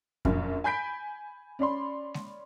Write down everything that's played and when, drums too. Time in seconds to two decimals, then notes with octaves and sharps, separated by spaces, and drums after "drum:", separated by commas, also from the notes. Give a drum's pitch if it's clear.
0.25 A#1 F#2, drum: kick F2
0.64 G#5 B5 G6 B6 D7
1.59 C#4 D5 B5 C6
2.14 drum: snare G#3